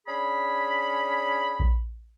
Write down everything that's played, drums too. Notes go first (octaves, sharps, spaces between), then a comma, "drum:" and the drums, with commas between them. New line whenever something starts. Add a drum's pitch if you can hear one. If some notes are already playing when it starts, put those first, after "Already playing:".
C#4 D4 G#4 B5
drum: kick A#1